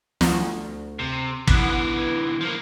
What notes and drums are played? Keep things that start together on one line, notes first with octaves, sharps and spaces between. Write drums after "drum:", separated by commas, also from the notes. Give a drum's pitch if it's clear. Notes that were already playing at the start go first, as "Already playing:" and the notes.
D2, drum: snare
C3
D3 E3 B3, drum: kick
F3 A#3